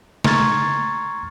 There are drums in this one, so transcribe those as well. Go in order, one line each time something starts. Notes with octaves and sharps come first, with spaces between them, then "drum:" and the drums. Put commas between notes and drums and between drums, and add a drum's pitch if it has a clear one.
A#5 C6 C#6 F6 G#6 A6, drum: snare